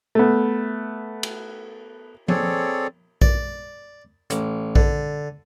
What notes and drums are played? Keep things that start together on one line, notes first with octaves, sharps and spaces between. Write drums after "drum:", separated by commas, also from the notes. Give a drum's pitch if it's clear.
A3 B3
drum: cymbal
C4 G#4 A4 C#5 D5, drum: tom F3
D5, drum: kick A#1
A1, drum: hi-hat
D3, drum: kick A#1